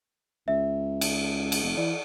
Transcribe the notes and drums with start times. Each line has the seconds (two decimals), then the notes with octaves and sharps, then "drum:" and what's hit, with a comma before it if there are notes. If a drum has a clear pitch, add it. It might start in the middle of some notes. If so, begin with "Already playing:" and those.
0.48 C#2 E5
1.01 drum: cymbal
1.52 drum: cymbal
1.63 F1
1.77 E3 D5